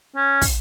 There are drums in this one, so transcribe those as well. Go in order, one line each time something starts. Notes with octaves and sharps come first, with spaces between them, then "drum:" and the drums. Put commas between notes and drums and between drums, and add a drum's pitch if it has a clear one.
C#4
drum: kick, open hi-hat